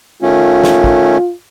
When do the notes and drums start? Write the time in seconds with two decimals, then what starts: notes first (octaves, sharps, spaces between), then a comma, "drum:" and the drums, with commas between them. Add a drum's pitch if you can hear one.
0.23 D#3 A3 C#4 F4
0.64 drum: snare
0.84 drum: kick